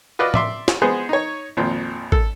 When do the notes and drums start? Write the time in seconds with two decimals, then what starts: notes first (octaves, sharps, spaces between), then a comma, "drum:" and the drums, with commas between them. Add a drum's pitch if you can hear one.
0.19 F4 F#4 B4 D5 D#5
0.34 D5 E5 C6, drum: tom A2
0.68 drum: snare
0.82 G#3 B3 G#4 B4 C5
1.09 D#4 C#5
1.57 G#1 F2 A#2 C4
2.12 A4, drum: kick